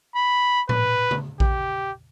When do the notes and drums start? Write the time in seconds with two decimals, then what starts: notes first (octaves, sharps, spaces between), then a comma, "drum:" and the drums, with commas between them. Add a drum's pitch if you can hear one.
0.15 B5
0.69 B4, drum: tom A2
1.11 drum: tom C#3
1.40 G4, drum: kick A#1